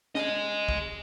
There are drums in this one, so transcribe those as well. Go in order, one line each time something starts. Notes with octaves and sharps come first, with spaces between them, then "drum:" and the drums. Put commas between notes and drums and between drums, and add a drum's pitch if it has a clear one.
G#4 D#5, drum: snare
drum: kick